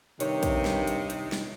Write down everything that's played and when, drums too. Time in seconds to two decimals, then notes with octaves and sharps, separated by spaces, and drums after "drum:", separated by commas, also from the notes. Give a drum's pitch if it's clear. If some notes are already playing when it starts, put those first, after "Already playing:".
0.20 G2 C3 D#3 D#4 C#5, drum: hi-hat
0.43 drum: kick, hi-hat
0.65 drum: snare
0.87 drum: hi-hat
1.10 drum: hi-hat
1.32 drum: snare